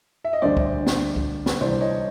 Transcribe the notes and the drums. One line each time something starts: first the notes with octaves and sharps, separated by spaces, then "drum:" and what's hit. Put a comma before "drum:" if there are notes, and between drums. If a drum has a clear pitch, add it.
E5
D#5
D2 D3 G3 C5 D5
drum: kick C#2
drum: snare
drum: kick C#2
drum: snare
C2 C3 E3 G3 C5 D5
C#5 D#5